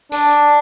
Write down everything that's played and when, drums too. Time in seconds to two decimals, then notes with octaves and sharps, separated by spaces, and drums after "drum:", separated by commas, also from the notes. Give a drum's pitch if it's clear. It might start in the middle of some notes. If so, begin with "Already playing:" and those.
0.12 D4, drum: tambourine